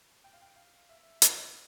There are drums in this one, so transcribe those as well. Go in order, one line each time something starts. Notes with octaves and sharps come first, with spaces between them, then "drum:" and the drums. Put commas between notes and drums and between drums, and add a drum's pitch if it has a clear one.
G5
F5
G5
F5
E5
D5, drum: hi-hat
C5
D5